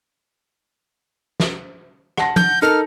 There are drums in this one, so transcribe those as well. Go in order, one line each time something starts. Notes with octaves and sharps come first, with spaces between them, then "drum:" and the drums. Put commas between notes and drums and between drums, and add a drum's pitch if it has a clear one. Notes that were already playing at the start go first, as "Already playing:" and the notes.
drum: snare
F#5 A5 A#6, drum: rim click
G6, drum: tom F3
D#4 A4 A#4 F6